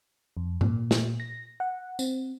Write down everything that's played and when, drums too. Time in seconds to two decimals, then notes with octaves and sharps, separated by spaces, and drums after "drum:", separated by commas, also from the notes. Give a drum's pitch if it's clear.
0.37 F2
0.61 A#2, drum: tom G#2
0.91 drum: snare
1.20 A#6
1.60 F#5
1.99 C4, drum: tambourine